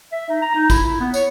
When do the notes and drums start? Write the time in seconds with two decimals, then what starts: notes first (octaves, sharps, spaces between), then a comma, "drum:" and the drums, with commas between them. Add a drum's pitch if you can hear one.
0.12 E5
0.29 D#4
0.42 A#5
0.55 D#4
0.70 E4, drum: kick, tambourine
0.86 E4
1.00 B3
1.14 C#5, drum: tambourine